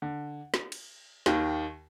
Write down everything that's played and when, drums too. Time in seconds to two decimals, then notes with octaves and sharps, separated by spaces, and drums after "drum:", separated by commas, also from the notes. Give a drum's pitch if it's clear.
0.02 D3
0.54 drum: snare
0.72 drum: cymbal
1.26 D#2 D#3, drum: snare